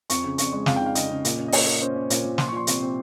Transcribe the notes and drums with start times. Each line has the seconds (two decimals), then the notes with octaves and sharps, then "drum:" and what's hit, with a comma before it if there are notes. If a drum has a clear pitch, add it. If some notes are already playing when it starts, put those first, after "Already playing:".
0.10 F2 C#6, drum: hi-hat
0.24 C#3
0.38 F2 C#6, drum: hi-hat
0.53 G#3
0.66 F2 F5, drum: snare
0.76 G5
0.81 D#4
0.86 F5
0.95 C#3 D#5, drum: hi-hat
1.10 C#3
1.25 A#2, drum: hi-hat
1.38 C#4
1.48 D#5
1.52 A#2 C#5, drum: open hi-hat
1.67 A#3
1.81 C#4 C5
1.96 C#4
2.10 A#2 C#5, drum: hi-hat
2.25 A#2
2.38 F3 C6, drum: snare
2.48 C#6
2.52 F3 C6
2.67 C3 C#6, drum: hi-hat
2.82 C4